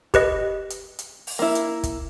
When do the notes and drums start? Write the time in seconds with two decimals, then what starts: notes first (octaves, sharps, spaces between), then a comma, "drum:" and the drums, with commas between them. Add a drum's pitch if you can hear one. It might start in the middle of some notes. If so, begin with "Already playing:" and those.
0.14 G4 B4 D#5, drum: kick, hi-hat
0.70 drum: hi-hat
0.99 drum: hi-hat
1.27 drum: open hi-hat
1.39 A#3 E4
1.55 drum: hi-hat
1.83 drum: kick, hi-hat